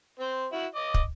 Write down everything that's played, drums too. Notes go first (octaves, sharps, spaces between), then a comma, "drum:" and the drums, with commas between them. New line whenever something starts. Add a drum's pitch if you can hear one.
C4 C5
E4 F#4
D#5 D6
drum: kick